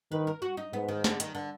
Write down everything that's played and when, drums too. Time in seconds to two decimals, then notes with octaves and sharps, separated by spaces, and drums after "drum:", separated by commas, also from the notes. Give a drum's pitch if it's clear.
0.12 D#3 B4
0.27 A#4
0.42 F#4
0.57 D#4
0.73 G#2 B3
0.88 D#3
1.04 D3, drum: snare
1.20 D#3, drum: hi-hat
1.35 D3